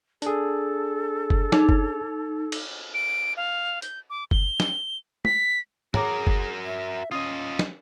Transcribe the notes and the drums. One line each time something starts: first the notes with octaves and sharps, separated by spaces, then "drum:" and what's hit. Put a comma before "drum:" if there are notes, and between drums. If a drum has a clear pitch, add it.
D4 G#4 A4, drum: hi-hat
drum: kick F#1
D#4, drum: snare
drum: kick F#1
drum: cymbal
D7
F5
G6, drum: hi-hat
D6
G7, drum: kick F#1
drum: snare
B6, drum: tom
F#4 G#4 A#4 C#5 A#5 D6, drum: tom
drum: kick F#1
E5
C#4 F4 D#5 D#6
drum: snare